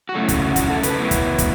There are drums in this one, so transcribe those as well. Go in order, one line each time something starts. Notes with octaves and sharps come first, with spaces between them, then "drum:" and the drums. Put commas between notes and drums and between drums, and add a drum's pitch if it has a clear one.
F#4
F#2 C#3 A3 C#4 E4 A4
F#4, drum: kick, hi-hat
F#4
F#4, drum: kick, hi-hat
A4
B4, drum: hi-hat
A2 F#3 B3 E4
drum: kick, hi-hat
drum: kick, hi-hat